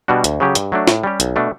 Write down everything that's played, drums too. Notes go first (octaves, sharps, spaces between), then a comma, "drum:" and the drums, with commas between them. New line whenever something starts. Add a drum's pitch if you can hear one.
B2 G3 D4 F#4
D2, drum: hi-hat
C#3 F#3 C#4 G4
G2, drum: hi-hat
F#3 A3 D4
A2, drum: snare
G3 C#4 G4
B1, drum: hi-hat
B2 A3 D4